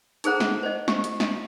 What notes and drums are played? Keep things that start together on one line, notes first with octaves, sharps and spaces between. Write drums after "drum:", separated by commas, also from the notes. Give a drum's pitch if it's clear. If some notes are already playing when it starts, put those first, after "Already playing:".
D#4 G#4 A4 C5 F#5 A#5, drum: hi-hat
F#5, drum: snare
C5 D#5
G4, drum: snare
drum: hi-hat
drum: snare